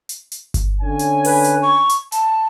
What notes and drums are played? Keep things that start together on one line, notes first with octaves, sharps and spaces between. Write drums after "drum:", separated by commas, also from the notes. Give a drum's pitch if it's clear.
drum: hi-hat
drum: hi-hat
drum: kick G1, hi-hat
D3 C#4 G#5
drum: hi-hat
B4, drum: open hi-hat
drum: hi-hat
C#6
drum: hi-hat
A5, drum: hi-hat